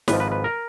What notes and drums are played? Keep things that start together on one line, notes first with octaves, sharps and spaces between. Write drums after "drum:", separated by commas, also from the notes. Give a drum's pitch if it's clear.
G#1 G#2 F3 B4, drum: snare
B4
B4
A#4